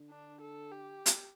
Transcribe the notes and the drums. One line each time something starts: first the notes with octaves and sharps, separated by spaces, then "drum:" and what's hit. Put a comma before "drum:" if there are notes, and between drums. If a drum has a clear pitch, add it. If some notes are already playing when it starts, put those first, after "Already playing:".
Already playing: D3
D4
A4
G4
drum: hi-hat